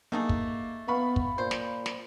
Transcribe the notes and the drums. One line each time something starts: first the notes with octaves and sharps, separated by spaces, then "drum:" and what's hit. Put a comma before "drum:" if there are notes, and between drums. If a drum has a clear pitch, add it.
A3 A#3 D#4 G#4
drum: kick
B3 F5 B5 C#6
drum: kick
A#2 C5
drum: snare
drum: snare